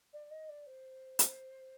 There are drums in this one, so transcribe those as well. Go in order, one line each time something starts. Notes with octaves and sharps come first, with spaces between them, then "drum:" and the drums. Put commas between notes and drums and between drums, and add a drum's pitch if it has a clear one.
D5
D#5
D5
C5
drum: hi-hat